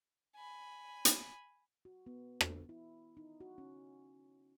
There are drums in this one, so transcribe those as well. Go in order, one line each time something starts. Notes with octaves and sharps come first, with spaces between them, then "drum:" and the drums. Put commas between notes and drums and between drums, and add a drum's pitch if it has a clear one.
G#5 B5
drum: hi-hat
F#4
B3
drum: rim click
E4
D#4
F#4
C#4